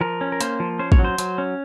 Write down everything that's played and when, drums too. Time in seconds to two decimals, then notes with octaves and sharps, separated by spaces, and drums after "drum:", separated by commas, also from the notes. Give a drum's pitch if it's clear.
0.01 F3 A#4
0.21 C#4
0.32 A#4
0.41 A#3 C5, drum: hi-hat
0.60 F3
0.79 C#4 C5
0.92 C#5, drum: kick A1
0.99 F#3
1.05 C5
1.18 F#3, drum: hi-hat
1.38 C#4